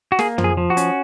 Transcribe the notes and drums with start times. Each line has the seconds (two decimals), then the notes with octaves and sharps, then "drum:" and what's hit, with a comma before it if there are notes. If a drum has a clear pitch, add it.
0.12 F#4
0.19 A#3 G#4, drum: snare
0.38 F3, drum: tom
0.44 G#4
0.57 F3
0.70 F#4
0.77 C#4, drum: hi-hat